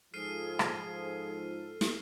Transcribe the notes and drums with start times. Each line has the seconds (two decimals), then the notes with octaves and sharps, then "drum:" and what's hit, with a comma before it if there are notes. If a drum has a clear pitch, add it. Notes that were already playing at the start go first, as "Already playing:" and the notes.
0.14 G#2 F3 G#4 A4 F6 C7 D#7
0.59 drum: rim click
1.81 drum: snare